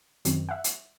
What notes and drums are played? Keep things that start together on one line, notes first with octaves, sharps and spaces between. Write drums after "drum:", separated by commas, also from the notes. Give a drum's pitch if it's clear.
F#2 D#3 C4, drum: hi-hat
E5 F#5
drum: hi-hat